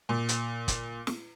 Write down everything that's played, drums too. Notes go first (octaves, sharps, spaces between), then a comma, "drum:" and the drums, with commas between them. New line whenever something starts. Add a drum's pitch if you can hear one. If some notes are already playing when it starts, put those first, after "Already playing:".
A#2
drum: hi-hat
drum: kick, hi-hat
drum: snare